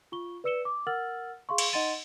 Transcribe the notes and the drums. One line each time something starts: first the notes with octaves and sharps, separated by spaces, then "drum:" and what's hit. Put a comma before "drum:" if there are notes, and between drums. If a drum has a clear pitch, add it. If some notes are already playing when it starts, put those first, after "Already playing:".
F4 C#6 G7
B4 D5 E6 C#7 E7 G7
D6
A#4 F#5 E6 F6 A6 F#7
G#4 F5 C6 C#6
drum: cymbal
D#4 D#5 F#5 C6 A6 D#7